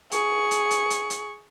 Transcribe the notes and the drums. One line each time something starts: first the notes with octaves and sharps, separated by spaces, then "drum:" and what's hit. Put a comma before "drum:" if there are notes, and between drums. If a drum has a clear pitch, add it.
G#4 C#6, drum: hi-hat
drum: hi-hat
drum: hi-hat
drum: hi-hat
drum: hi-hat